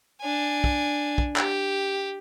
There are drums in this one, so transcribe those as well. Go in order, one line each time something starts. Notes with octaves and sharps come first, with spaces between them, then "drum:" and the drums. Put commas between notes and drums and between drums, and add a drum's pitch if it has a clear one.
D4 G#5
drum: kick
drum: kick
G4, drum: clap